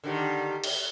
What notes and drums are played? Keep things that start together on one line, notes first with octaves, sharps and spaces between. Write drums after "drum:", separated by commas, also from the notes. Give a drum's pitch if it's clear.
D3 D#3 G3
drum: cymbal